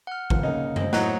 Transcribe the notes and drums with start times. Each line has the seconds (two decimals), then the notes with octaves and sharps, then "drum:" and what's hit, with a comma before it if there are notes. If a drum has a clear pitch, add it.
0.07 F#5 F6
0.30 G#1 C#2 F3, drum: kick A1
0.43 C#3 A#3 D#4
0.76 C5 D#5, drum: tom
0.93 A2 F#3 A3 D#4 C#5 F#5 A#5, drum: snare